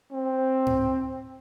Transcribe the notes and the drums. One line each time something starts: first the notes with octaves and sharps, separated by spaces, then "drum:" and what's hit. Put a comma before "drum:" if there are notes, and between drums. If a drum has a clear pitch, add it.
C4
drum: tom G#2